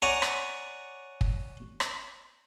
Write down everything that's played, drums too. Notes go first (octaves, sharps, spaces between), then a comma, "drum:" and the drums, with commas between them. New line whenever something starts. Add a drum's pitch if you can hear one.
C#5 D5 F#5 G#5 A#5 C#6
drum: rim click
drum: kick
drum: rim click